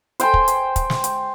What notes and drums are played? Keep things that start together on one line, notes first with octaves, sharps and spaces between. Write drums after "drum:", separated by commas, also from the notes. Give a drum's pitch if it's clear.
C5 G5 G#5 C6, drum: hi-hat
drum: kick
drum: hi-hat
drum: kick, hi-hat
drum: snare
drum: hi-hat